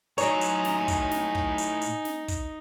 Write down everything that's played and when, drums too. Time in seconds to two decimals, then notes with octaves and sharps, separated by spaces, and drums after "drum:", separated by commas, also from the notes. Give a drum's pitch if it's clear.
0.18 A2 F#3 D#4 C#5 G#5 A#5, drum: hi-hat
0.41 drum: hi-hat
0.65 drum: snare
0.88 drum: kick, hi-hat
1.11 drum: snare
1.35 drum: kick
1.58 drum: hi-hat
1.81 drum: hi-hat
2.05 drum: snare
2.28 drum: kick, hi-hat